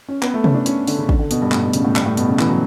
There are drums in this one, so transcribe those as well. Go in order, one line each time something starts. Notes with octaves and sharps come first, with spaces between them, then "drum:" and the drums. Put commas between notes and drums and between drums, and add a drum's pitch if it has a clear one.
C#4
B3, drum: clap
A3
C#4, drum: tom C3
D4
C#4, drum: hi-hat
D3, drum: open hi-hat
C#3
D3, drum: kick
D3
B2, drum: hi-hat
G2
A2, drum: clap
B2
C#3, drum: hi-hat
A2
G2, drum: clap
A2
B2, drum: hi-hat
C#3
E3, drum: clap
F#3